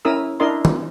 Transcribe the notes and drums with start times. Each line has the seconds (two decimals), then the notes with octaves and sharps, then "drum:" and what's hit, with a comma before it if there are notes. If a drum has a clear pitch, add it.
0.05 C#4 E4 A#4 D#6 E6
0.40 D4 E4 A#4 D#5 C6
0.65 drum: tom